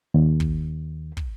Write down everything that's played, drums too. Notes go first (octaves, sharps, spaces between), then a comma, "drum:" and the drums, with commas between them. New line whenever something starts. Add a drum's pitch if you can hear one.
D#2
drum: kick
drum: kick